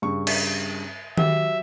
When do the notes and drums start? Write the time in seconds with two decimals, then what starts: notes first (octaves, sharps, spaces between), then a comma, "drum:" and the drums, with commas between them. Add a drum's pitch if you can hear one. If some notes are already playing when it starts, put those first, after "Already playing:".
0.02 G2 C#3 C#6
0.27 drum: cymbal
1.18 F#3 G4 E5, drum: tom D#3